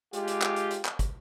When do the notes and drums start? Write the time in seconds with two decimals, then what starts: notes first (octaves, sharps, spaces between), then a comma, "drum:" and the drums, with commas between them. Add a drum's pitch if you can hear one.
0.13 G#3 F4 G4, drum: hi-hat
0.27 drum: hi-hat
0.42 drum: clap
0.56 drum: hi-hat
0.71 drum: hi-hat
0.85 drum: clap
0.99 drum: kick, hi-hat